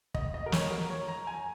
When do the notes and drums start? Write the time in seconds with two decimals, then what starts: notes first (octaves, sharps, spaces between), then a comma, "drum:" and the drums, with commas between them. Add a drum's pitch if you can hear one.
0.14 D#5, drum: kick
0.34 D#5
0.46 A#4
0.52 C#5, drum: snare
0.70 A#4
0.90 C#5
1.08 A#5
1.27 G#5